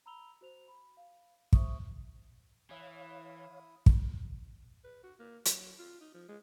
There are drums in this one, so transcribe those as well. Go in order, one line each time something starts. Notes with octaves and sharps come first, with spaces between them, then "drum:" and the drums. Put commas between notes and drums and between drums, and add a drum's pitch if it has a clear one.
A#5 B5 E6 F7 G7
F#4 C5 F7
B5
F5
C5 E5 C#6 D#6, drum: kick
E3 E4 C#5 F5 D#6
drum: kick
B4
F#4
A#3
F#3, drum: hi-hat
F4
D#4
F3
G#3